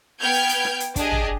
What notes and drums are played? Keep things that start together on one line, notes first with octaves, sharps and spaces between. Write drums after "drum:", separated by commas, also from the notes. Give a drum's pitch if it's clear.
B3 G5 F6 G6 G#6
drum: open hi-hat
drum: hi-hat
drum: rim click
drum: hi-hat
D4 G4 G#4 D#5, drum: kick, hi-hat
drum: tom